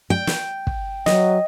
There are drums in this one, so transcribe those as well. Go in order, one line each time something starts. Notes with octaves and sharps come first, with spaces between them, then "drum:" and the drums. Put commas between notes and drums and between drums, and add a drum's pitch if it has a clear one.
G5
drum: snare
drum: kick
F#3 D#5, drum: snare